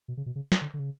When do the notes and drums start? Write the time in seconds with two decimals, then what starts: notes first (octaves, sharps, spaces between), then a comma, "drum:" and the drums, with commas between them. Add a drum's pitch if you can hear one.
0.08 B2
0.17 C#3
0.26 B2
0.36 C#3
0.52 drum: snare
0.61 D3
0.74 D3
0.79 C#3